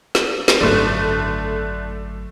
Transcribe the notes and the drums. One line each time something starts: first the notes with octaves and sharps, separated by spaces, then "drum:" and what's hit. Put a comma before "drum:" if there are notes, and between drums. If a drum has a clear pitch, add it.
drum: snare
drum: snare
G#1 F#2 D3 A3